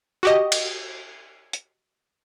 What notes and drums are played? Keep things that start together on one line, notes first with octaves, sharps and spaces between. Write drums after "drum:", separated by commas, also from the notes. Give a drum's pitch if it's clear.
F#4 G4 D#5
drum: cymbal
drum: hi-hat